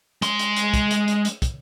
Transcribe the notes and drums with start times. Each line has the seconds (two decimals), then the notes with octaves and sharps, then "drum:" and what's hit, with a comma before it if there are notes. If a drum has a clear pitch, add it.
0.22 G#3 C6, drum: hi-hat
0.39 drum: hi-hat
0.56 drum: hi-hat
0.74 drum: kick, hi-hat
0.91 drum: hi-hat
1.08 drum: hi-hat
1.25 drum: hi-hat
1.42 drum: kick, hi-hat